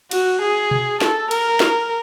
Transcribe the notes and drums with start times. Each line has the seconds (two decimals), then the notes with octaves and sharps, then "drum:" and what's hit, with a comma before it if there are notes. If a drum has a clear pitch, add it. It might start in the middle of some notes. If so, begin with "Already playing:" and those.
0.11 F#4, drum: cymbal
0.41 G#4
0.71 drum: tom B2
1.01 A4, drum: snare
1.31 A#4, drum: cymbal
1.60 drum: snare